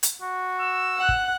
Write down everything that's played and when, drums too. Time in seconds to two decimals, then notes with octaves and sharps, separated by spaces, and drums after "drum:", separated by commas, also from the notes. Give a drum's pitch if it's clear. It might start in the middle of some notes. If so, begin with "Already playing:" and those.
0.03 drum: hi-hat
0.22 F#4
0.60 E6
0.97 F#5 F#6
1.09 drum: kick